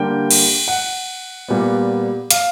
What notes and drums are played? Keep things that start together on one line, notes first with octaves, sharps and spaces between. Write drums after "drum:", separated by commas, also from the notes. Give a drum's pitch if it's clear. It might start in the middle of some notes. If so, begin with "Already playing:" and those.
Already playing: D3 G3 A#3 G5
drum: cymbal
F#5
A#2 G3 B3
F5, drum: hi-hat